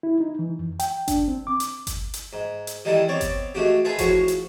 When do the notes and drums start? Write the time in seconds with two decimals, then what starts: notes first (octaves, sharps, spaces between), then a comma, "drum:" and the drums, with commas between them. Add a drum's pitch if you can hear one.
0.03 E4
0.20 D#4
0.39 E3
0.59 F2
0.80 G5, drum: hi-hat
1.08 D4, drum: kick G1, hi-hat
1.28 C4
1.47 D6
1.60 drum: hi-hat
1.87 drum: kick G1, hi-hat
2.14 drum: hi-hat
2.33 G#2
2.67 drum: hi-hat
2.85 D#3 E3 G3 G#3 E4 A4
3.09 B3 C4 C#5 D5
3.21 drum: kick G1, hi-hat
3.55 G#3 A3 F#4 G4
3.85 F4 G#4 A4 B4 E5
3.99 A2 F3 F#4 G#4 C#5 C#6, drum: kick G1, hi-hat
4.28 drum: hi-hat